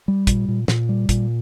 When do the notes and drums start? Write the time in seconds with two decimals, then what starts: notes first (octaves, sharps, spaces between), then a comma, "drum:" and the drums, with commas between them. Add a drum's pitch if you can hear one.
0.08 G3
0.27 A#2, drum: kick, hi-hat
0.48 A#2
0.68 A#2, drum: snare
0.89 G3
1.09 A#2, drum: kick, hi-hat